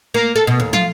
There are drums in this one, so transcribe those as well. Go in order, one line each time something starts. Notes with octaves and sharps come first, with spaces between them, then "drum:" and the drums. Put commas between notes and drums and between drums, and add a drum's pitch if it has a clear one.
A#3
A4
B2
D#2
F4, drum: tom